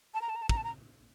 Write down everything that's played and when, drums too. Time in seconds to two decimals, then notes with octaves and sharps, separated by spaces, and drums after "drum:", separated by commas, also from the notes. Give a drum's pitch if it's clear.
0.14 A5
0.22 A#5
0.29 A5
0.36 A#5
0.42 A5
0.49 A#5, drum: kick
0.57 A5
0.64 A#5